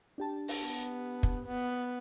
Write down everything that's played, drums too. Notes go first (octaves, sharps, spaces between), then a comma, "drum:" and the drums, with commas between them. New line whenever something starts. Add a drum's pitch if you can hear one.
D4 G4 A5
drum: open hi-hat
B3
drum: kick
B3